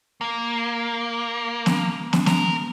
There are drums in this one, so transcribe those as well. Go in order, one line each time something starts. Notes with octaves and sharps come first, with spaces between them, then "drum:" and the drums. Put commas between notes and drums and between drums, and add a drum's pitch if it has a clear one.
A#3
drum: snare
drum: snare
A#4, drum: snare